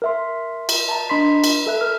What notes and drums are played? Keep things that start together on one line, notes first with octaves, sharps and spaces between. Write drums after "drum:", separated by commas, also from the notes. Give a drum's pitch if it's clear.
A#4 E5 C6
drum: cymbal
A5 A#5
D4 D#5 B5 C6 B6
drum: cymbal
A4 E5 F#6
A#4 F6